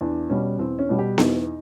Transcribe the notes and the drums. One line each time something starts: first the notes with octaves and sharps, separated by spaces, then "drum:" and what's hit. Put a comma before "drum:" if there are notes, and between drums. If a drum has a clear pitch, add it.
E2 D4
B2 G3 C#4
E2 C4
C#4
B2 G3
G4
E2 D#4, drum: snare B3